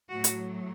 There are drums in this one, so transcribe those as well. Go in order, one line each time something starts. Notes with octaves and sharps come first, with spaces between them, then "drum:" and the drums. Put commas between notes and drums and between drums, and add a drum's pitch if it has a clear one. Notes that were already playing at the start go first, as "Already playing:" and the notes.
A2 F#3 A3 F#4
drum: hi-hat